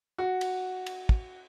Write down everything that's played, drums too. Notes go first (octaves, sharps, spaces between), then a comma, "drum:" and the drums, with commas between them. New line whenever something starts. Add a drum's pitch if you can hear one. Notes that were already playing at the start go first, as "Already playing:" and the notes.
F#4
drum: cymbal
drum: cymbal
drum: kick